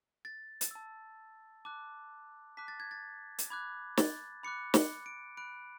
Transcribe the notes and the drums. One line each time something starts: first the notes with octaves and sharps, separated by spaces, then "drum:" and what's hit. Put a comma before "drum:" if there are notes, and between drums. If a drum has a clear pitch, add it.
A6
drum: hi-hat
A5 E6
A5 D6 F#6
A5 D6 F#6 B6
A6
G#6
A6
drum: hi-hat
B5 D6 F#6 G#6
A6, drum: snare
B5 D6 F#6 C#7
drum: snare
D7
B5 F#6 D7